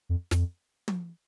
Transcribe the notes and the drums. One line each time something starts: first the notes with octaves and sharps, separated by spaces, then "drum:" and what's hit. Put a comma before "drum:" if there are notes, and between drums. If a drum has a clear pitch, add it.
F2
F2, drum: snare
drum: tom